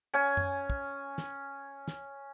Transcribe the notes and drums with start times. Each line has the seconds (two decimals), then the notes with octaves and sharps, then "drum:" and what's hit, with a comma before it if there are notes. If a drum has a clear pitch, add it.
0.14 C#4 G#5
0.37 drum: tom F#2
0.70 drum: kick
1.18 drum: snare
1.88 drum: snare